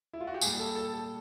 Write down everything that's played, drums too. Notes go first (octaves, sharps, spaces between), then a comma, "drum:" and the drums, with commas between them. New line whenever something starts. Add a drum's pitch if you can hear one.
E4
F4
F#4
G4
A#2 G3 G#4, drum: tambourine
A4
A4
A4